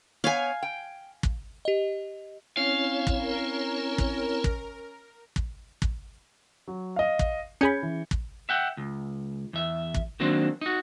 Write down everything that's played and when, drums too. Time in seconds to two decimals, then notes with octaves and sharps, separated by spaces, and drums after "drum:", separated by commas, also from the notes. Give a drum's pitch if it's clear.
0.24 B3 C#5 F5 G#5
0.63 G5
1.23 drum: kick
1.65 G4 D#5
2.57 C4 C#4 E4 C#5 F5
3.07 drum: kick
3.16 C#4 A#4
3.98 drum: kick
4.44 drum: kick
5.36 drum: kick
5.82 drum: kick
6.68 F#3
6.96 D#5 F5
7.19 drum: kick
7.61 C#4 G#4 B5 G6 G#6 C#7
7.83 E3
8.11 drum: kick
8.49 E5 F#5 G5
8.77 C#2
9.53 E2 E5
9.94 drum: kick
10.20 D#3 F#3 A#3 C4 D4
10.61 D#4 F#4